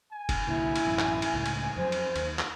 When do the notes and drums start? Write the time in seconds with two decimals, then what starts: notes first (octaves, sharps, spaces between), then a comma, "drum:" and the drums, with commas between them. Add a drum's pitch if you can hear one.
0.12 G#5
0.29 drum: kick, cymbal
0.47 C2 A#2 D3 E4
0.76 drum: cymbal
0.85 A1 F#2 B2
0.99 drum: clap
1.22 drum: cymbal
1.34 C#2 A2
1.46 drum: cymbal
1.76 F2 F#3 C5
1.92 drum: cymbal
2.16 D#2, drum: cymbal
2.39 drum: clap